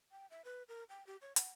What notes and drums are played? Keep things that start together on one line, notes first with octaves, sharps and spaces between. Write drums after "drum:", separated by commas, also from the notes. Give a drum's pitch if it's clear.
G5
E5
B4
A#4
G5
G4
C#5
F#5, drum: hi-hat